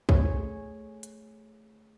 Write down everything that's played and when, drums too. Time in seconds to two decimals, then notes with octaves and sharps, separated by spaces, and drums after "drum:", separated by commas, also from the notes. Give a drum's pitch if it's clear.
0.09 A3 G#4 C#5, drum: kick
1.03 drum: hi-hat